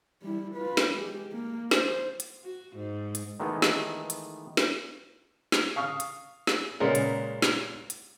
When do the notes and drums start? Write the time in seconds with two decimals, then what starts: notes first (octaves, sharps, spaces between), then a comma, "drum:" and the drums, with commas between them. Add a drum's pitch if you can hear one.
0.22 G3 E4
0.55 F4 B4
0.77 drum: snare
0.95 G#3 G4
1.32 A#3
1.71 C5, drum: snare
2.20 drum: hi-hat
2.43 F#4
2.76 G#2
3.15 drum: hi-hat
3.40 D#3 E3 G#3 A3 B3
3.62 drum: snare
4.10 drum: hi-hat
4.57 drum: snare
5.52 drum: snare
5.76 F5 C#6 D#6 F6
6.00 drum: hi-hat
6.47 drum: snare
6.80 A#2 C#3 G#3 B3 C#4 A#4
6.95 drum: hi-hat
7.42 drum: snare
7.90 drum: hi-hat